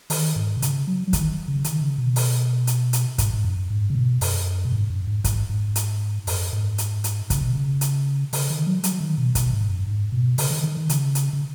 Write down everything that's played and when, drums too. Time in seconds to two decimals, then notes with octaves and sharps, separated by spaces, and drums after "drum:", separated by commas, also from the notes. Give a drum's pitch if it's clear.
0.10 D#3, drum: open hi-hat
0.36 G#2
0.57 B2
0.62 C#3, drum: hi-hat
0.87 F#3
1.08 F#3
1.13 D#3, drum: kick, hi-hat
1.48 C#3
1.64 D#3, drum: hi-hat
1.81 C#3
1.98 B2
2.16 drum: open hi-hat
2.67 drum: hi-hat
2.93 drum: hi-hat
3.18 G#2, drum: kick, hi-hat
3.33 G#2
3.44 F#2
3.70 G#2
3.90 C#3
3.95 B2
4.21 F#2, drum: open hi-hat
4.65 B2
4.72 G#2
4.90 F#2
5.07 G#2
5.24 G#2, drum: kick, hi-hat
5.50 G#2
5.76 drum: hi-hat
6.27 F#2, drum: open hi-hat
6.53 G#2
6.78 drum: hi-hat
7.04 drum: hi-hat
7.30 C#3, drum: kick, hi-hat
7.41 B2
7.53 C#3
7.81 drum: hi-hat
8.33 C#3, drum: open hi-hat
8.50 D#3
8.67 F#3
8.84 F#3, drum: hi-hat
9.00 D#3
9.18 B2
9.35 B2, drum: kick, hi-hat
9.53 G#2
9.69 F#2
9.86 G#2
10.12 B2
10.38 C#3, drum: open hi-hat
10.50 D#3
10.63 D#3
10.77 D#3
10.89 C#3, drum: hi-hat
11.15 drum: hi-hat
11.33 C#3